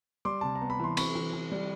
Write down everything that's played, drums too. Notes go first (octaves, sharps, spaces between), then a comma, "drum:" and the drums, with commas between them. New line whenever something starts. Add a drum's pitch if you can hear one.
G3 C6 D6
C3 A5
A#5
B3
B5
E3 C6
C4 B5 C#6, drum: cymbal
E3
E3
G3